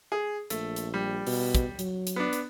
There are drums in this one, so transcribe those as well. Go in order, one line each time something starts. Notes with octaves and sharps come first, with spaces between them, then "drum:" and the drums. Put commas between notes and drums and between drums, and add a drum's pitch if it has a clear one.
G#4
A#1 A3, drum: hi-hat
drum: hi-hat
G3
B2, drum: open hi-hat
drum: kick, hi-hat
F#3, drum: hi-hat
drum: hi-hat
B3 D4
drum: hi-hat